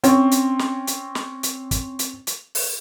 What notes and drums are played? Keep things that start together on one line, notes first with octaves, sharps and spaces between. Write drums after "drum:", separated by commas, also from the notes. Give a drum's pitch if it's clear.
C4 C#4, drum: hi-hat
drum: hi-hat
drum: snare
drum: hi-hat
drum: snare
drum: hi-hat
drum: kick, hi-hat
drum: hi-hat
drum: hi-hat
drum: open hi-hat